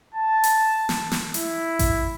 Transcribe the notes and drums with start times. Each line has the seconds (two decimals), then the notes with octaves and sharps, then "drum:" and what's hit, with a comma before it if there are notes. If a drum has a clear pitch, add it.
0.14 A5
0.44 drum: hi-hat
0.89 drum: snare
1.11 drum: snare
1.34 E4, drum: hi-hat
1.79 drum: kick A1, hi-hat